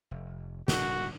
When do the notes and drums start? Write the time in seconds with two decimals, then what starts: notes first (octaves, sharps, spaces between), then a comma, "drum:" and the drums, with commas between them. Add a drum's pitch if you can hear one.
0.11 F1
0.68 D1 C#3 G3 F#4, drum: snare